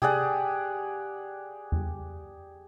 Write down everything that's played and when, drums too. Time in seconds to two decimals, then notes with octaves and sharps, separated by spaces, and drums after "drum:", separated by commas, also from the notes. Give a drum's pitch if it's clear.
0.02 G4 G#4 D5 F#5, drum: tom C3
1.72 drum: tom E2